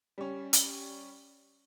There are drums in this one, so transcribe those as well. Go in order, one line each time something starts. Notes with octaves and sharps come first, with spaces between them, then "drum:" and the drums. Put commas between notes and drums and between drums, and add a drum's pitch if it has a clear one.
G3 C#4
drum: hi-hat